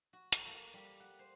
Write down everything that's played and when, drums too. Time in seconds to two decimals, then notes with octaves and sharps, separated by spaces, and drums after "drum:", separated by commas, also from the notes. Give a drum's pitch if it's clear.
0.13 F#4
0.32 A4, drum: hi-hat
0.47 A#3
0.73 G3
1.00 F#5
1.19 C5